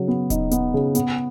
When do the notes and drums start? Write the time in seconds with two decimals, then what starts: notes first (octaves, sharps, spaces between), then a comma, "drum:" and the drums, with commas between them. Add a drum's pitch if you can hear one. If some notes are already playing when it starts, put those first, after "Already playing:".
Already playing: C#3 F#3
0.08 B3
0.30 D#4, drum: kick D#1, hi-hat
0.51 B3, drum: hi-hat
0.74 C#3
0.95 B3, drum: hi-hat